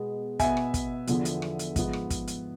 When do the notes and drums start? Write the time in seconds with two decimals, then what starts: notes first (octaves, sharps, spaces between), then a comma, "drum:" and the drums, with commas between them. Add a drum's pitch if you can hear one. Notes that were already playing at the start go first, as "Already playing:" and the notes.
Already playing: B2 G#3 B3
0.39 B2 B3 E5 G#5, drum: kick, hi-hat
0.57 drum: rim click
0.74 drum: kick, hi-hat
1.07 E2 D3 F3 B3, drum: hi-hat
1.25 drum: hi-hat
1.42 drum: rim click
1.59 drum: hi-hat
1.76 G#2 F3 B3, drum: kick, hi-hat
1.93 drum: rim click
2.10 drum: kick, hi-hat
2.27 drum: hi-hat